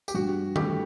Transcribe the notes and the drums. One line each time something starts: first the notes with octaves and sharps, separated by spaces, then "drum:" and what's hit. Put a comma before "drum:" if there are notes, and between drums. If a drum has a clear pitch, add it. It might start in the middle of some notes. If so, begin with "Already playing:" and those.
G4, drum: tambourine
G2 F#4
E3 A3 E4 G4 A4, drum: tom D#3